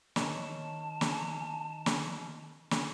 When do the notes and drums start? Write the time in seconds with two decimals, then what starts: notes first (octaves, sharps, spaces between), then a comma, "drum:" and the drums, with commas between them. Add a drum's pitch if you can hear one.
0.16 D#3 C#5 A5, drum: snare
1.01 drum: snare
1.86 drum: snare
2.71 drum: snare